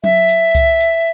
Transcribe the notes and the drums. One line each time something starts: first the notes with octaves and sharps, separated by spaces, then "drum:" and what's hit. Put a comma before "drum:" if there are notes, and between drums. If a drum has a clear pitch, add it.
E5, drum: tom F#3
drum: hi-hat
drum: kick C2, hi-hat
drum: hi-hat